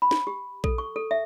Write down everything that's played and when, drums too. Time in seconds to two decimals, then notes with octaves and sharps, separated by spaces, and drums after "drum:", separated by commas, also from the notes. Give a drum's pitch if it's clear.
0.02 B5
0.11 drum: snare
0.27 G4
0.64 A4, drum: kick A#1
0.78 C#6
0.96 A4
1.11 E5